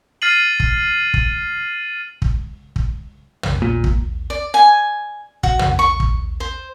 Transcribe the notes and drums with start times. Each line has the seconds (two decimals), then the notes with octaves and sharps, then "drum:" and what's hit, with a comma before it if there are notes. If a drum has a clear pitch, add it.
0.22 F6 A6 C7 D#7 F#7
0.60 drum: kick
1.14 drum: kick
2.22 drum: kick
2.76 drum: kick
3.43 drum: tom
3.62 A#2
3.84 drum: kick
4.30 D5
4.54 G#5
5.43 F#4, drum: kick
5.59 drum: tom
5.79 C#6
6.00 drum: kick
6.40 C5